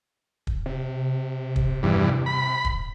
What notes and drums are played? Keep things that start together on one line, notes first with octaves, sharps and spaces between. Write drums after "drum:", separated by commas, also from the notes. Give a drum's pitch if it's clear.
drum: kick
C3
drum: kick
E2 G2
B5
drum: kick